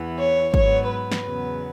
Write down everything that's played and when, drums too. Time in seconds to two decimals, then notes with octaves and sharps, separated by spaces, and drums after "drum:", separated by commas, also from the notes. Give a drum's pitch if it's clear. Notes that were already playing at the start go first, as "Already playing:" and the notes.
Already playing: E2 E3 B3
0.19 C#5
0.54 G#2 F#3 B3 C#5, drum: kick
0.89 B4
1.11 drum: snare
1.24 E2 C#3 F#3 B3